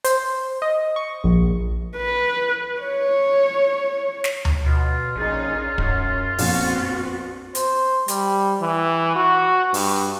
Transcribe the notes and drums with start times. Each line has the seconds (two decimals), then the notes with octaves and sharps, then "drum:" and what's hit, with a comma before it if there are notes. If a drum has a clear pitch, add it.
0.04 C5, drum: hi-hat
0.62 D#5
0.96 C#6
1.24 A#1
1.97 B4
2.81 C#5
4.24 drum: snare
4.45 drum: tom D2
4.66 B2 F4
5.16 A#1 C#4 D#4 G#4
5.78 F#2 C#4, drum: kick
6.38 A#1 F2 B3 C4 F#4, drum: open hi-hat
7.55 C5, drum: hi-hat
8.08 G3, drum: hi-hat
8.60 E3
9.16 F#4
9.74 G2, drum: open hi-hat